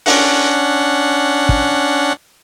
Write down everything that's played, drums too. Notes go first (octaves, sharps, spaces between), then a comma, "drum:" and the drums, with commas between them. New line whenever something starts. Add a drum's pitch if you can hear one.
C#4 D4 F#5, drum: open hi-hat
drum: kick